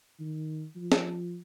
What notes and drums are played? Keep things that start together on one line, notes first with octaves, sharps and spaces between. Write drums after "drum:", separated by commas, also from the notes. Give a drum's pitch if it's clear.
D#3
F3
drum: snare